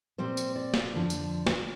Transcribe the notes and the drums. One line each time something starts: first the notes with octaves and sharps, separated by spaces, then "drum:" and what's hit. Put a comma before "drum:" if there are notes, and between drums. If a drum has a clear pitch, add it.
A#2 G3 C4 C5
drum: tambourine
D5
drum: snare
F2 D3 F3
drum: tambourine
drum: snare